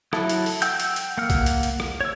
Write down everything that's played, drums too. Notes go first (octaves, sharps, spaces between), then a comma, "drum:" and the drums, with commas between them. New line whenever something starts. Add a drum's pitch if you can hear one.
F#3 E4 A4, drum: rim click
drum: hi-hat
drum: open hi-hat
F#5 G5 E6 G6, drum: hi-hat
drum: hi-hat
drum: hi-hat
A#3 F#5 F6
drum: kick B1, hi-hat
drum: hi-hat
drum: hi-hat
drum: rim click
C#5 E6